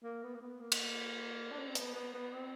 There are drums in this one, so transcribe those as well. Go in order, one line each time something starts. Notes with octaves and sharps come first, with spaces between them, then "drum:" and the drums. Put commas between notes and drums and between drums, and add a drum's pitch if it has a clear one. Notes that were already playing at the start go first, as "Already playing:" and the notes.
A#3
B3
A#3
B3
A#3
drum: cymbal
D4
C#4
C4
B3, drum: hi-hat
B3
B3
C4